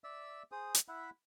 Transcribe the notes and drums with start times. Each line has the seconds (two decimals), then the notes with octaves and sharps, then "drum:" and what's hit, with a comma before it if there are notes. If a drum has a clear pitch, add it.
0.04 D5 E5 E6
0.52 G#4 C5 D#6
0.75 drum: hi-hat
0.88 E4 E5 F#5 B5